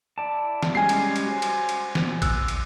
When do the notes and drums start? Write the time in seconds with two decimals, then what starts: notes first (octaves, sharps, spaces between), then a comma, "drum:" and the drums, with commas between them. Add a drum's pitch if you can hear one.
0.18 E4 D5 A5
0.63 drum: snare
0.75 G3 G#3 C#4 G#5 C7
0.89 drum: cymbal
1.16 drum: cymbal
1.26 F#4 C5
1.42 drum: cymbal
1.69 drum: cymbal
1.95 drum: snare
2.22 E6 F#6, drum: kick A1, cymbal
2.48 drum: cymbal